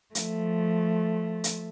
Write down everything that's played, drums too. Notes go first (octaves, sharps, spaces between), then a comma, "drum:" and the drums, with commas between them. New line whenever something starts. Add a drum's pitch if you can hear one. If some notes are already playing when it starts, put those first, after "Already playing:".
F3 A3, drum: hi-hat
drum: hi-hat